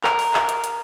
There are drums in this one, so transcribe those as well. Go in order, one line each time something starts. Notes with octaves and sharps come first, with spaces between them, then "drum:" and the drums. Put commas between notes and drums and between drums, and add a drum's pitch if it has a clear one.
A#4, drum: clap
drum: open hi-hat
drum: clap
drum: hi-hat
drum: hi-hat